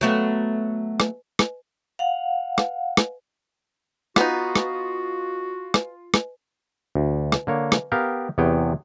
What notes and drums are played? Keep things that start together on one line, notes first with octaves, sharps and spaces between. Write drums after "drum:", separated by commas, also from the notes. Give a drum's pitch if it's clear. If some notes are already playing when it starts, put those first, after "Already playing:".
F#3 A3 B3
drum: rim click
drum: rim click
F5 F#5
drum: rim click
drum: rim click
B3 D#4 F4 F#4, drum: rim click
drum: rim click
drum: rim click
drum: rim click
D2
drum: rim click
D3 A#3 C#5
drum: rim click
B3 G4 A#4 F5 G5
E2 C3 B3 G#4 C#5 G5